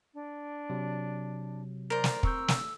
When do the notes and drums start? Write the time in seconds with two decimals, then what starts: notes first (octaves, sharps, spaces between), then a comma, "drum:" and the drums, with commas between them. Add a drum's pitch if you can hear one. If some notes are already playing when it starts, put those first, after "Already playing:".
0.14 D4
0.70 C3 F#3
1.90 A#4 C5 D5
2.04 drum: snare
2.23 C4 C#6 E6 G6, drum: kick
2.48 drum: snare